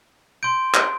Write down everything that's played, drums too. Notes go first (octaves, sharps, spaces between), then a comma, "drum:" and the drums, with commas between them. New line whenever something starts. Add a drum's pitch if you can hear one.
C6 G6 D7
drum: clap